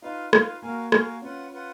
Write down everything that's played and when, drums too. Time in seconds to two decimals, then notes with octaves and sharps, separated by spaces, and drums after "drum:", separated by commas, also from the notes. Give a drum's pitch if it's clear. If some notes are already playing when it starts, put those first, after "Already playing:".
0.02 D#4 F4 B4 F5
0.33 F4 B4 F5, drum: rim click
0.62 A#3 F#4 A#4 F5 G#5
0.92 F#4 A#4 F5 G#5, drum: rim click
1.22 C#4 F4 B4 F#5
1.53 F4 B4 F#5